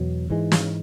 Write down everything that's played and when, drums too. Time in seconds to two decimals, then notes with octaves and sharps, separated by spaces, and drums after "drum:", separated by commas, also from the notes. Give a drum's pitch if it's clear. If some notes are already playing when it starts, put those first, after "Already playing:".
Already playing: E2 B2 F#3
0.30 G#2 E3 G#3
0.52 drum: snare